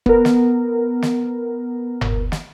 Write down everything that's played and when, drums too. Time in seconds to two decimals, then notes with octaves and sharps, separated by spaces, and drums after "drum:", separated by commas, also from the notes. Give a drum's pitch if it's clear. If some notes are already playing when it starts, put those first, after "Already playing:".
0.06 B3 A#4, drum: kick
0.25 drum: snare
1.02 drum: snare
2.01 drum: tom F#1
2.32 drum: snare